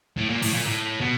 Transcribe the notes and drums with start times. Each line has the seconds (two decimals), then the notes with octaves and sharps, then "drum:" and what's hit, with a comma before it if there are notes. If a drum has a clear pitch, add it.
0.17 A2
0.30 A#2
0.42 A2, drum: open hi-hat
0.55 A#2
0.67 A2
1.01 B2